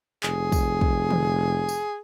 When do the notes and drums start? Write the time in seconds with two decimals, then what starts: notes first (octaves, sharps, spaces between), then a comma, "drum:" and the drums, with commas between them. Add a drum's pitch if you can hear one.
0.23 F1 G#4, drum: clap
0.52 drum: kick, tambourine
0.81 drum: kick
1.10 drum: tom
1.69 drum: tambourine